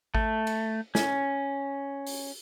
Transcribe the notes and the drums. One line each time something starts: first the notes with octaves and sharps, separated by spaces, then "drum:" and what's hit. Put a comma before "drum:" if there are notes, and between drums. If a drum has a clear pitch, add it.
A3, drum: kick G#1
drum: cymbal
C#4, drum: snare
drum: open hi-hat